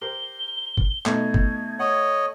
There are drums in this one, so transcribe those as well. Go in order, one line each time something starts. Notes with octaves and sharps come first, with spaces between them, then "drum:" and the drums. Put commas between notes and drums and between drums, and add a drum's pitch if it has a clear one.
G4 A#4 C5 G7
drum: kick
B2 A3 D#4 G#6, drum: clap
drum: kick
C#5 D#5 F#5